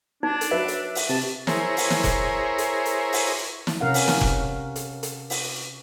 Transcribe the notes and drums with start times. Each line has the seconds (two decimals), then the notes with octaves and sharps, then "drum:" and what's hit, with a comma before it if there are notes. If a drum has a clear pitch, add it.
0.23 D4 D#4
0.41 drum: hi-hat
0.51 F#3 B4 E5
0.68 drum: hi-hat
0.95 drum: open hi-hat
1.09 C3 A5
1.47 E4 G#4 A#4 C5 C#5, drum: snare
1.77 drum: open hi-hat
1.90 drum: snare
2.04 drum: kick F1, hi-hat
2.58 drum: hi-hat
2.85 drum: hi-hat
3.13 drum: open hi-hat
3.67 drum: snare
3.80 C3 C#4 A#4 F5 F#5
3.94 drum: open hi-hat
4.08 drum: snare
4.21 drum: kick F1
4.76 drum: hi-hat
5.03 drum: hi-hat
5.30 drum: open hi-hat